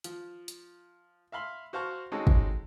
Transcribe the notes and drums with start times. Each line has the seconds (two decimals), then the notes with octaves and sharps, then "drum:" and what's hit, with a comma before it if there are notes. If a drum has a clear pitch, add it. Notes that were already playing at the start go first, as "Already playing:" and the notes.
0.04 F3, drum: hi-hat
0.48 drum: hi-hat
1.32 E5 F5 B5 C6
1.73 F#4 C5 F5 A5 C#6
2.12 G#3 C4 C#4 D#4 F#4 A4
2.27 drum: kick